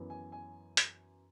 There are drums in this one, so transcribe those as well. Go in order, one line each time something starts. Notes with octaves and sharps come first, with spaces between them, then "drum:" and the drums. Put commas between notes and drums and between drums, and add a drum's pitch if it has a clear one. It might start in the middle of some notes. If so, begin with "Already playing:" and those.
Already playing: F#2 E3 B3
G#5
G#5
drum: hi-hat